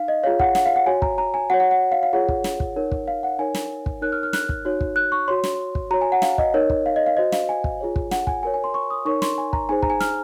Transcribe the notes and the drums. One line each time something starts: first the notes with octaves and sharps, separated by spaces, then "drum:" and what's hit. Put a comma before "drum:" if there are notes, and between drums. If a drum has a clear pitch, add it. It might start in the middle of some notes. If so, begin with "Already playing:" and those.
Already playing: D#4 F5
D#5
F4 G#4 C#5 F5
F#5, drum: kick
F#5, drum: snare
F5
F#5
F#4 C#5 G#5
A#5, drum: kick
A#5
G#5
F#4 C#5 F#5
F#5
F#5
F5
F5
F4 G#4 C#5 F#5
drum: kick
drum: snare
drum: kick
D#4 A#4 C#5
drum: kick
F5
F#5
D#4 A#4 C#5 G#5
drum: snare
drum: kick
D#4 A#4 C#5 F#6
F6
F6
F#6, drum: snare
drum: kick
D#4 F#4 C#5
drum: kick
F#6
C#6
F#4 C#5 C6
drum: snare
drum: kick
F#4 C#5 A#5
G#5
F#5
F5, drum: snare
D#5, drum: kick
D#4 A#4 C#5
drum: kick
F5
D#5
F5
F#4 C5 D#5
F5, drum: snare
G#5
drum: kick
F4 G#4 C#5
drum: kick
F#5, drum: snare
G#5, drum: kick
F#4 A#4 C#5 G#5
G#5
C6
C#6
D#6
D#4 A#4 C#5 C#6
C6, drum: snare
G#5
A#5, drum: kick
D#4 G#4 C5 G#5
A#5, drum: kick
G#5
F6, drum: snare